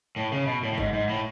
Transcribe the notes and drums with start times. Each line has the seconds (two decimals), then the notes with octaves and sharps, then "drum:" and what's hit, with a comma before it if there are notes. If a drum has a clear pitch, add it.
0.16 A2
0.32 C#3
0.46 B2
0.63 A2
0.73 A2
0.78 G#2, drum: kick G1
0.93 G#2
1.09 A2